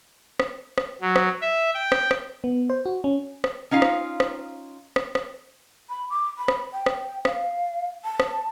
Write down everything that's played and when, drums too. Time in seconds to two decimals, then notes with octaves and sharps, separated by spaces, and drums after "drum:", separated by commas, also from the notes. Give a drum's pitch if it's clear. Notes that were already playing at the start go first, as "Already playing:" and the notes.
0.40 drum: rim click
0.78 drum: rim click
1.01 F#3
1.16 drum: rim click
1.41 E5
1.75 G5
1.92 drum: rim click
2.11 drum: rim click
2.44 B3
2.70 C5
2.86 F#4
3.04 C#4
3.44 drum: rim click
3.71 C#4 D#4 F4 F5
3.82 drum: rim click
4.20 drum: rim click
4.96 drum: rim click
5.15 drum: rim click
5.90 B5
6.10 D6
6.38 B5
6.48 drum: rim click
6.73 G5
6.86 drum: rim click
7.25 F5, drum: rim click
8.05 A5
8.20 drum: rim click